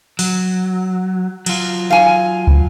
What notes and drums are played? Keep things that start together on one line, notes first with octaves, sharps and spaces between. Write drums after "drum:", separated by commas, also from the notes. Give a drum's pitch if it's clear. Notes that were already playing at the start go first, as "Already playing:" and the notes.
F#3, drum: open hi-hat
F#3 F4, drum: cymbal
F5 G#5
drum: kick